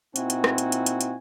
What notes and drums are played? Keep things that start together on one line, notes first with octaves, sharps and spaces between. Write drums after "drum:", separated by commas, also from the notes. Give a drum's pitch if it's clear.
A#2 C4 D#4 E4 F#4 G#5, drum: hi-hat
drum: hi-hat
drum: rim click
drum: hi-hat
drum: hi-hat
drum: hi-hat
drum: hi-hat